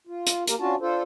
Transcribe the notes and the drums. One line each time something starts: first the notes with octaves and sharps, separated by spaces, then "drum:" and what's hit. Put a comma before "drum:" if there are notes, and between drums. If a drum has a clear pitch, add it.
F4
drum: hi-hat
A#3 G4 A#4, drum: hi-hat
C#4 D4 F4 F#4 A5
D4 F4 A4 C5